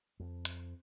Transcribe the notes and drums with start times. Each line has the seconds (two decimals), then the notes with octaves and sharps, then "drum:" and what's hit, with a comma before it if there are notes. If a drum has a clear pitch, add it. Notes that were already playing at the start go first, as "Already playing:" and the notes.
0.20 F2
0.45 drum: hi-hat